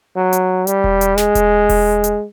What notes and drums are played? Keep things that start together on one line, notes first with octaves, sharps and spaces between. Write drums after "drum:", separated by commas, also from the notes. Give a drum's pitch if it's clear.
F#3
drum: hi-hat
G3, drum: hi-hat
drum: kick E1
drum: hi-hat
G#3, drum: snare
drum: kick E1, hi-hat
drum: kick E1, open hi-hat
drum: hi-hat